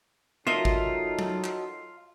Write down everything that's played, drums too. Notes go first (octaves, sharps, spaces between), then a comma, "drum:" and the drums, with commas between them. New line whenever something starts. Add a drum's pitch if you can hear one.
F#3 D#4 F4 A4 A#4 D#5 E5
drum: kick
drum: tom
drum: clap